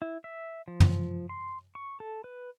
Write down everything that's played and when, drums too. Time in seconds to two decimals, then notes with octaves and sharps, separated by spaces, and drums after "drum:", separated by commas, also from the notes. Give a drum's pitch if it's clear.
0.02 E4
0.24 E5
0.68 F3
0.80 drum: tom F#2
1.29 C6
1.75 C#6
2.00 A4
2.24 B4